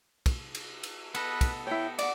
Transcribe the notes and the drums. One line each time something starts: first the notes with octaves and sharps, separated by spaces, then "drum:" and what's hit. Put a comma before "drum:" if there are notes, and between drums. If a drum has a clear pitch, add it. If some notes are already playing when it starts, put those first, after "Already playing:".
drum: kick, cymbal
drum: cymbal
drum: cymbal
B3 A4 B4 D#5, drum: cymbal
drum: kick, cymbal
E4 C#5 G5
D5 F#5 D6, drum: cymbal